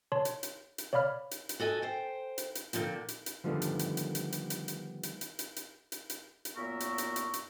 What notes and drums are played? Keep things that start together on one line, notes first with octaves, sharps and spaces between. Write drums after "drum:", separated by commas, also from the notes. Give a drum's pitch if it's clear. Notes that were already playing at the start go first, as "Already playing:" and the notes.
C#5 A5 C6
drum: hi-hat
drum: hi-hat
drum: hi-hat
C#5 D5 F5 B5 F6
drum: hi-hat
drum: hi-hat
F#4 A4 D#5 G#5
C5 G5
drum: hi-hat
drum: hi-hat
A#2 D3 F3 C4, drum: hi-hat
drum: hi-hat
drum: hi-hat
D3 D#3 F3 G3 A3 B3
drum: hi-hat
drum: hi-hat
drum: hi-hat
drum: hi-hat
drum: hi-hat
drum: hi-hat
drum: hi-hat
drum: hi-hat
drum: hi-hat
drum: hi-hat
drum: hi-hat
drum: hi-hat
drum: hi-hat
drum: hi-hat
F#2 A#2 B3 A#4 E5 C#6
drum: hi-hat
drum: hi-hat
drum: hi-hat
drum: hi-hat